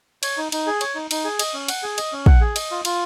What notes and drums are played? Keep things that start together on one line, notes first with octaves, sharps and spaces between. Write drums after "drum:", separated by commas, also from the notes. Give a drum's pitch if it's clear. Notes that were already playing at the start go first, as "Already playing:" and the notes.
C#5, drum: cymbal
D#4
D#4, drum: cymbal
G#4
C#5, drum: cymbal
D#4
D#4, drum: cymbal
G#4
D#5, drum: cymbal
C#4
F#5, drum: cymbal
G#4
D#5, drum: cymbal
C#4
F#5, drum: kick
G#4
D#5, drum: cymbal
F4
F4, drum: cymbal